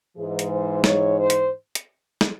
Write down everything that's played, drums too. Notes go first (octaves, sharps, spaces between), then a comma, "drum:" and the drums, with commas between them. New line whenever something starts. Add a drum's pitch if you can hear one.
G#2 E3 G#4
drum: hi-hat
C5
C#5, drum: snare
C5
drum: hi-hat
drum: hi-hat
drum: snare